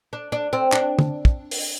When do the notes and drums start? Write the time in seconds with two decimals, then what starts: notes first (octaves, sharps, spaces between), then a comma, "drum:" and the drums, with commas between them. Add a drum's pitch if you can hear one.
0.13 D4
0.32 D4
0.53 C4
0.72 D4, drum: clap
0.99 drum: tom
1.25 drum: kick
1.51 drum: open hi-hat